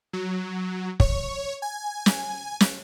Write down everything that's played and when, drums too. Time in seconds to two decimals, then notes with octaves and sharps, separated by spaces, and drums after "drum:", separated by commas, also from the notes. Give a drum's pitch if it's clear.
0.13 F#3
1.00 C#5, drum: kick
1.62 G#5
2.06 drum: snare
2.60 drum: snare